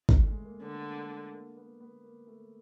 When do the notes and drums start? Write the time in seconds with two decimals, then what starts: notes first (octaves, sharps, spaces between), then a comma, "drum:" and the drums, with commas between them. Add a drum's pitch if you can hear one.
0.09 drum: kick G#1
0.21 A3
0.27 G#3
0.45 A#3
0.62 D3 B3
0.86 A#3
1.09 A3
1.33 A#3
1.57 B3
1.80 B3
2.04 A#3
2.27 A3